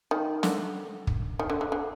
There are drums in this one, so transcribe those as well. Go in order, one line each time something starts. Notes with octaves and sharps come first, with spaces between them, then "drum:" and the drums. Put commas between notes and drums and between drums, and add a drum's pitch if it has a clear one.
D#3
D3, drum: snare
drum: kick
D#3
D3
D3
D3